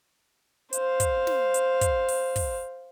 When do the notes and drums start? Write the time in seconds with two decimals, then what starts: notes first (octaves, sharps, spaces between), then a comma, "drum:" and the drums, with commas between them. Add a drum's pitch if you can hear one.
0.73 C5 F5, drum: hi-hat
1.00 drum: kick, hi-hat
1.27 drum: snare
1.54 drum: hi-hat
1.81 drum: kick, hi-hat
2.08 drum: open hi-hat
2.36 drum: kick, open hi-hat